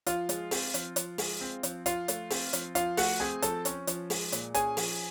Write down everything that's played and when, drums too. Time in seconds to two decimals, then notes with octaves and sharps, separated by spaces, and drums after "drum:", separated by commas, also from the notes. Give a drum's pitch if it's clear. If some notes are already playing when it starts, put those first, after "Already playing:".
0.06 F3 F4 F5, drum: hi-hat
0.29 G#3, drum: hi-hat
0.51 C4, drum: open hi-hat
0.74 F3, drum: hi-hat
0.96 F3, drum: hi-hat
1.18 G#3, drum: open hi-hat
1.41 C4
1.63 F3, drum: hi-hat
1.86 F3 F4 F5, drum: hi-hat
2.08 A3, drum: hi-hat
2.30 C4, drum: open hi-hat
2.53 F3, drum: hi-hat
2.75 F3 F4 F5, drum: hi-hat
2.97 A3 F#4 F#5, drum: open hi-hat
3.20 C4 G#4 G#5
3.42 F3 A4 A5, drum: hi-hat
3.65 C#4, drum: hi-hat
3.87 F3, drum: hi-hat
4.10 G#3, drum: open hi-hat
4.32 A#2, drum: hi-hat
4.54 C#4 G#4 G#5, drum: hi-hat
4.77 F3, drum: open hi-hat